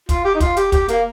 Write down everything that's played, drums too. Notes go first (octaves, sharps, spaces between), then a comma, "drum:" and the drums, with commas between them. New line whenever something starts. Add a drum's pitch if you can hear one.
F4, drum: kick, hi-hat
G4
D#4
F4, drum: kick, hi-hat
G4, drum: hi-hat
G4, drum: kick, hi-hat
A#3, drum: hi-hat